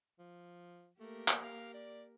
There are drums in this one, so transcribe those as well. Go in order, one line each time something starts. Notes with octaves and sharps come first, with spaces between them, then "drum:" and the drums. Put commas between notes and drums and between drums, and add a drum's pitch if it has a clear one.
F3
A3 A#3 G4 A#4
drum: clap
F5
D5